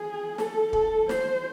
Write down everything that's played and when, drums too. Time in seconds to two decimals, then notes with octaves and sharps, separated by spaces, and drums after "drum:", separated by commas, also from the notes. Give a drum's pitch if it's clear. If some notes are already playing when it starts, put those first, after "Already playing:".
Already playing: G#4
0.38 A4, drum: snare
0.73 A4, drum: kick
1.09 C5, drum: snare